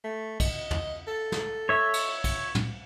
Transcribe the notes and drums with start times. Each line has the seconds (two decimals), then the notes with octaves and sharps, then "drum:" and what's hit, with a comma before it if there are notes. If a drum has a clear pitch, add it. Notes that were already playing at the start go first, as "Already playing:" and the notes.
0.04 A3
0.40 D#5, drum: kick, cymbal
0.71 drum: tom
1.08 A4
1.32 drum: snare
1.69 C#5 E5
1.94 drum: cymbal
2.24 drum: kick, cymbal
2.55 drum: tom